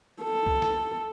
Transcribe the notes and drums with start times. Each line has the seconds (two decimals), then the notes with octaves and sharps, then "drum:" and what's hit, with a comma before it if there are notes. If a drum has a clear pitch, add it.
0.23 A4
0.47 drum: kick C2
0.62 drum: snare